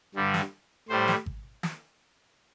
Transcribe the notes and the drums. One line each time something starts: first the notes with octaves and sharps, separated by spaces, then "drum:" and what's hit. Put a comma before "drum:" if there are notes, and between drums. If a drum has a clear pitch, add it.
G2 D3 G3
drum: snare
A2 G3 C5
drum: snare
drum: kick G#1
drum: snare